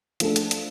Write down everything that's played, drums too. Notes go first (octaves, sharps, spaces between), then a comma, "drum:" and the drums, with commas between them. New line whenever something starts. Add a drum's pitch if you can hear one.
F3 A3 D4 A4, drum: hi-hat
drum: hi-hat
drum: hi-hat